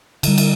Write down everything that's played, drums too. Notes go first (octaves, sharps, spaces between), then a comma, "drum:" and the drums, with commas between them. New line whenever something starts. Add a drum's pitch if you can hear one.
D3 G3, drum: cymbal
drum: cymbal